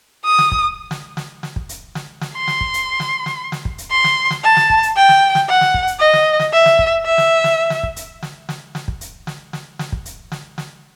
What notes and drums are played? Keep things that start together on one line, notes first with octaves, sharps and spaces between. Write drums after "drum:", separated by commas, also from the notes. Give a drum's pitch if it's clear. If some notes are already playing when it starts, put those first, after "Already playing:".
D#6
drum: snare
drum: kick
drum: snare
drum: snare
drum: snare
drum: kick
drum: hi-hat
drum: snare
drum: snare
C6
drum: snare
drum: kick
drum: hi-hat
drum: snare
drum: snare
drum: snare
drum: kick
drum: hi-hat
C6
drum: snare
drum: snare
A5
drum: snare
drum: kick
drum: hi-hat
G5
drum: snare
drum: snare
F#5
drum: snare
drum: kick
drum: hi-hat
D#5
drum: snare
drum: snare
E5
drum: snare
drum: kick
E5
drum: snare
drum: snare
drum: snare
drum: kick
drum: hi-hat
drum: snare
drum: snare
drum: snare
drum: kick
drum: hi-hat
drum: snare
drum: snare
drum: snare
drum: kick
drum: hi-hat
drum: snare
drum: snare